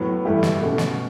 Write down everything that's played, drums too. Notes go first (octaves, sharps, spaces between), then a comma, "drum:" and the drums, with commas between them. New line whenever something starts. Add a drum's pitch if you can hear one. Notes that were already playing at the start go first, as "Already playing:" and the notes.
Already playing: A2 F#3 B3
G2 E3 A3 E4 G4
drum: snare
B2 A3 C#4
drum: snare